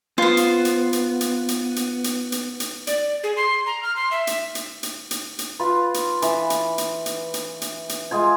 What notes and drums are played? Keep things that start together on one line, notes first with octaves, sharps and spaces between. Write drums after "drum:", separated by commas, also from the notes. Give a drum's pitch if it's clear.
B3 F4 C5
drum: hi-hat
drum: hi-hat
drum: hi-hat
drum: hi-hat
drum: hi-hat
drum: hi-hat
drum: hi-hat
drum: hi-hat
drum: hi-hat
D5, drum: hi-hat
G#4
C6
A#5
F6
C6
E5
drum: hi-hat
drum: hi-hat
drum: hi-hat
drum: hi-hat
drum: hi-hat
F4 B4
drum: hi-hat
E3, drum: hi-hat
drum: hi-hat
drum: hi-hat
drum: hi-hat
drum: hi-hat
drum: hi-hat
drum: hi-hat
G#3 F4 G#5